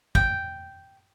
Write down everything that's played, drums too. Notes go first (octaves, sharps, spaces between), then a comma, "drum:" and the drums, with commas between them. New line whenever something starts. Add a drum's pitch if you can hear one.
G5, drum: kick